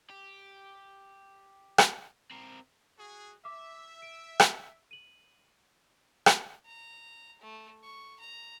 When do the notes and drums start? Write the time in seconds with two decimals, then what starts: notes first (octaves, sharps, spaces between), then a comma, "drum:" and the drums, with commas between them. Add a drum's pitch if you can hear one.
0.10 G4
1.78 drum: rim click
2.31 C4 A#4
2.98 F#4 G#4
3.45 E5 D6
4.02 D7
4.40 drum: rim click
4.91 D#7 F#7
6.26 drum: rim click
6.66 A#5
7.41 A3
7.84 C#6
8.20 A#5